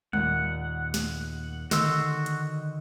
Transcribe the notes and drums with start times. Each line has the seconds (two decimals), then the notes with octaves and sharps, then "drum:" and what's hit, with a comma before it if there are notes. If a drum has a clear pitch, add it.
0.13 D#2 A#2 F#5, drum: tom G3
0.94 drum: snare
1.71 D3 D#3 F#4 C6 E6, drum: snare
2.26 drum: hi-hat